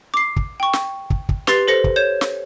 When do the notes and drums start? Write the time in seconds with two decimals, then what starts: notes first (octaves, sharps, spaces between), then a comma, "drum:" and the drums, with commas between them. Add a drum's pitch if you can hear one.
0.14 D6 C7
0.36 drum: kick
0.60 G5 C#6
0.73 drum: snare
1.10 drum: kick
1.29 drum: kick
1.47 G4 B4 C6 A6 C7 G7, drum: snare
1.68 A4 C5 A#6 C#7
1.84 drum: kick
1.96 C#5 G6 G#6 E7
2.21 drum: snare